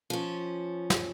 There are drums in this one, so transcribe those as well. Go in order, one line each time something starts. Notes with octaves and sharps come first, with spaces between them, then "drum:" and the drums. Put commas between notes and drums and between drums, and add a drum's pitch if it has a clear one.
F3 C#4
drum: snare